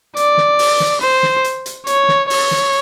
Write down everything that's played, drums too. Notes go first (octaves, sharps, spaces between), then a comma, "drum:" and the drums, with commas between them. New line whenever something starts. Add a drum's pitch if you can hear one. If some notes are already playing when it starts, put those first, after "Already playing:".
D5, drum: hi-hat
drum: snare
drum: open hi-hat
drum: snare
C5
drum: snare
drum: hi-hat
drum: hi-hat
C#5, drum: hi-hat
drum: snare
C#5, drum: open hi-hat
drum: snare